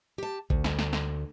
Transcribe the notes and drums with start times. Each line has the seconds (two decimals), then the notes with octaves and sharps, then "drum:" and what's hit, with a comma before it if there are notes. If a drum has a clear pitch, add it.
0.18 G4 A5
0.50 D2, drum: kick A1
0.64 drum: snare
0.79 drum: snare
0.93 drum: snare